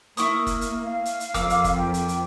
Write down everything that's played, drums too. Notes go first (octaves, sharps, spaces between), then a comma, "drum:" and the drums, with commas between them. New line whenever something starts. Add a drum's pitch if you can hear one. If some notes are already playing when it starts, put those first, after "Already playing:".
A#3 E4 A#4 C#6 D#6, drum: hi-hat
drum: kick F#1, hi-hat
drum: hi-hat
F5
drum: hi-hat
drum: hi-hat
F2 A#3 D6 E6, drum: kick F#1, hi-hat
drum: hi-hat
drum: kick F#1, hi-hat
G5
drum: hi-hat
drum: hi-hat